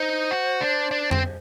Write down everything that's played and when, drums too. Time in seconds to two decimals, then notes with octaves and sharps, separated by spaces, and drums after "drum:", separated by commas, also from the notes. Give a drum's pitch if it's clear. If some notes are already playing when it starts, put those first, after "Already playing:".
Already playing: D#4 C5
0.31 F#4
0.61 D4
0.91 D4
1.11 C4, drum: tom F2